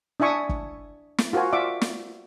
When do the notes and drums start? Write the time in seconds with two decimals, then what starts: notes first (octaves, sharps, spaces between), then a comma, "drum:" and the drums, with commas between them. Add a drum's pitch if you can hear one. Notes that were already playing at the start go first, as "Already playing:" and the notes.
0.20 D4 E4 E5 G#5 C#6 D#6
0.49 drum: kick
1.18 drum: snare
1.33 F4 F#4 A#4 C5 G#5
1.53 F4 D5 E5 C#6 D6
1.81 drum: snare